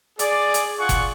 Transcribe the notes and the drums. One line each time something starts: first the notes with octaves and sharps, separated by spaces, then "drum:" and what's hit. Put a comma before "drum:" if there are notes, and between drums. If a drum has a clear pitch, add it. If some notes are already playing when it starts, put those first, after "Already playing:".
G#4 D5, drum: hi-hat
drum: hi-hat
F4 G#4 F#5 C#6
drum: kick F#1, hi-hat